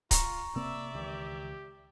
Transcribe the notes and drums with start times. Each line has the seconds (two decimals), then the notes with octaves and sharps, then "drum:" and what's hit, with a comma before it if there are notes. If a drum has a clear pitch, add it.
0.11 F4 A#5 C#6, drum: kick C#1, hi-hat
0.56 C3 A#3 C4 D5 E5 E6
0.94 C#2 D#3 E3 G4